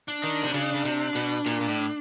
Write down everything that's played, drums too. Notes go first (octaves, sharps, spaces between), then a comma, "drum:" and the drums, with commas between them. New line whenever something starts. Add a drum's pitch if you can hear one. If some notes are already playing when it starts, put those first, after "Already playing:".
D4
D#3
C3
C#3, drum: hi-hat
C#3
C3, drum: hi-hat
B2, drum: hi-hat
A#2, drum: hi-hat
A#2
A2